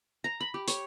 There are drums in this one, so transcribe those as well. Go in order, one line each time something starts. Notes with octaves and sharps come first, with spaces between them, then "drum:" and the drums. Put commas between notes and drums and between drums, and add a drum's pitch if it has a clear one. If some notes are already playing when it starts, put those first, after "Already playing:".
A#5
B5
G4
C#5, drum: hi-hat